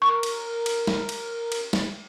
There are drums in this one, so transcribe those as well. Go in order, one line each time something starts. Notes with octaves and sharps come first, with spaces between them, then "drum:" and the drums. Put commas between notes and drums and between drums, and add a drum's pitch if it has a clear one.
A#4 C#6
drum: cymbal
drum: cymbal
drum: snare
drum: cymbal
drum: cymbal
drum: snare